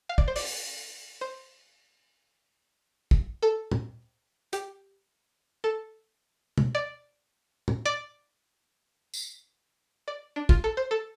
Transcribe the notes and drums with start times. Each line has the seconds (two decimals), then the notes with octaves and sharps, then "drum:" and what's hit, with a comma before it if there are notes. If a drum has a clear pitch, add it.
0.09 F5
0.18 D5, drum: kick
0.28 C5
0.36 D5, drum: open hi-hat
1.21 C5
3.11 drum: kick
3.42 A4
3.72 drum: tom
4.53 G4, drum: hi-hat
5.64 A4
6.58 drum: tom
6.75 D5
7.68 drum: tom
7.86 D5
9.14 drum: tambourine
10.08 D5
10.36 D4
10.49 F4, drum: kick
10.64 A4
10.77 C5
10.91 A4